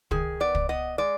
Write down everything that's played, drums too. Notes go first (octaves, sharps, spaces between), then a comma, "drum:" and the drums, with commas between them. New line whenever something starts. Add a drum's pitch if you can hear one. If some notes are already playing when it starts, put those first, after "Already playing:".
D#3 G#4, drum: kick
B3 D5
drum: kick
B3 D#5
G#3 D5